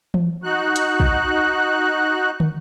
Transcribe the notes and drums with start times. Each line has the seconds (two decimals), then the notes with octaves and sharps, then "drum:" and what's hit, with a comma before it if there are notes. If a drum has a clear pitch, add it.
0.14 drum: tom E3
0.44 D#4 F#4 F#6
0.76 drum: hi-hat
1.00 drum: kick
2.40 drum: tom